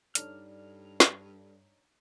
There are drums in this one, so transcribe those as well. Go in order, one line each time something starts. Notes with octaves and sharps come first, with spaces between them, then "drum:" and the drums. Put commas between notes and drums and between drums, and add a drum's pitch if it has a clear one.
G2 D4 D#4 A4 C#5 D5 F6, drum: hi-hat
drum: snare